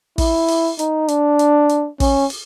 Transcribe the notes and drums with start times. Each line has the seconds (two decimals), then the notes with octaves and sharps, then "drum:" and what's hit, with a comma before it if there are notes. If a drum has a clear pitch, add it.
0.18 E4, drum: kick, open hi-hat
0.48 drum: open hi-hat
0.79 D#4, drum: hi-hat
1.08 D4, drum: hi-hat
1.39 drum: hi-hat
1.69 drum: hi-hat
2.00 C#4, drum: kick, open hi-hat
2.30 drum: open hi-hat